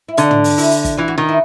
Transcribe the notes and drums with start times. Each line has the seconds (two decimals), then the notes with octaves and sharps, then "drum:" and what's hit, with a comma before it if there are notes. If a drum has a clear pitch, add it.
0.09 E4
0.17 D3 D#4, drum: hi-hat
0.31 drum: tom
0.44 drum: open hi-hat
0.58 E4, drum: open hi-hat
0.71 drum: hi-hat
0.85 drum: kick, hi-hat
0.97 E3 F4
1.08 F#4
1.18 D#3 F4
1.29 E4